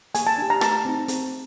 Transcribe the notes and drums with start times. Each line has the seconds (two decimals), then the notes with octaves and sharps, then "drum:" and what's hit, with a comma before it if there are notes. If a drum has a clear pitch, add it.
0.15 A#3 G#5, drum: hi-hat
0.27 A5
0.38 D4 G4
0.50 A#5
0.61 A3 A5, drum: rim click
0.85 C4 D#4
1.08 C4, drum: hi-hat